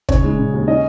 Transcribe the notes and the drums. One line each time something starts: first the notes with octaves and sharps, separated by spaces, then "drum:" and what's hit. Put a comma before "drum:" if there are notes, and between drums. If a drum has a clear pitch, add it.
C#3 C#5, drum: kick
G#3
C#3
D#2
C#4 D#5